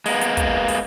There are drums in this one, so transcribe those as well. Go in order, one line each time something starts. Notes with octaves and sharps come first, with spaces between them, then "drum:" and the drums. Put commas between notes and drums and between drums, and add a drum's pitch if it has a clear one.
G#3 A#3 B3, drum: open hi-hat
drum: hi-hat
drum: kick, hi-hat
drum: open hi-hat